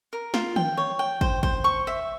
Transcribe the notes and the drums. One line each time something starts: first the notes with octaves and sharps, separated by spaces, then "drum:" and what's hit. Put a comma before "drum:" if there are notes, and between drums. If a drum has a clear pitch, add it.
A#4
F4, drum: snare
G5, drum: tom D#3
C#5
G5
C5, drum: kick
C5, drum: kick
C#6
E5